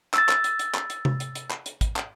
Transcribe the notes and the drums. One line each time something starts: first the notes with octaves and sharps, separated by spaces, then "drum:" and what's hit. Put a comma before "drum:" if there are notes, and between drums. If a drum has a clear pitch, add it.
E6 A6, drum: clap
drum: clap
drum: hi-hat
drum: hi-hat
drum: clap
drum: hi-hat
drum: tom C3
drum: hi-hat
drum: hi-hat
drum: clap
drum: hi-hat
drum: kick, hi-hat
drum: clap